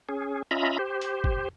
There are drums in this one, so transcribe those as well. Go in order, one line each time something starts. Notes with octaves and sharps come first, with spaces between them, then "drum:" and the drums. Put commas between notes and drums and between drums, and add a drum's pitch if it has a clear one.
C#4 G#4
C#4 F4 D#5 E5 A#5 B5
G4 C5
drum: hi-hat
drum: kick